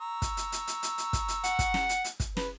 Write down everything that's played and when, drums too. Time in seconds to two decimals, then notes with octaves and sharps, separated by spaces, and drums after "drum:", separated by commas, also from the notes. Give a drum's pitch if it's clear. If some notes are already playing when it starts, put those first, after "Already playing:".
0.01 A#5 C#6 E6
0.22 drum: kick, hi-hat
0.37 drum: hi-hat
0.52 drum: hi-hat
0.67 drum: hi-hat
0.83 drum: hi-hat
0.98 drum: hi-hat
1.13 drum: kick, hi-hat
1.28 drum: hi-hat
1.44 F#5, drum: hi-hat
1.59 drum: kick, hi-hat
1.74 drum: snare
1.89 drum: hi-hat
2.04 drum: hi-hat
2.20 drum: kick, hi-hat
2.37 B4, drum: snare